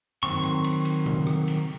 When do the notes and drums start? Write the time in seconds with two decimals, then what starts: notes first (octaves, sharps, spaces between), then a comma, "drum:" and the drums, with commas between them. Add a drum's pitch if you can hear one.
0.23 D#3 F#3 C4 C#6, drum: tom G#2
0.44 drum: rim click
0.64 drum: cymbal
0.85 drum: cymbal
1.06 drum: tom B2
1.27 drum: rim click
1.48 drum: cymbal